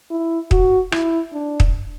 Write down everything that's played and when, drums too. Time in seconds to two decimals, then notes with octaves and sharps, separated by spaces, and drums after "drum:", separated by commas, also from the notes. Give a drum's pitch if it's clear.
0.11 E4
0.51 F#4, drum: kick
0.92 E4, drum: rim click
1.33 D4
1.60 drum: kick